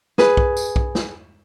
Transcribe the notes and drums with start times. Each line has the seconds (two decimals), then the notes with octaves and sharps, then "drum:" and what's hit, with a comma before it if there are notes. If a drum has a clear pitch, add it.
0.18 G#4 B4, drum: snare
0.37 drum: kick B1
0.57 drum: tambourine
0.76 drum: kick B1
0.95 drum: snare